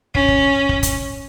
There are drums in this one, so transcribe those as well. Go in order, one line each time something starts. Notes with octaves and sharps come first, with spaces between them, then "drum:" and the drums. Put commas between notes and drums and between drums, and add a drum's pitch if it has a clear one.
C#4, drum: kick
drum: kick
drum: kick
drum: kick, hi-hat